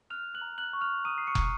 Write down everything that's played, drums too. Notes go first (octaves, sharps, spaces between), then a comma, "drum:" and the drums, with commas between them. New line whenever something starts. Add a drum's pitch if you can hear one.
F6 F#6 F7
F#6 F#7
A#5
F#6 F#7
C#6
F6 F7
A#5 D#6 D#7
C7
C#6 C#7
A#5, drum: kick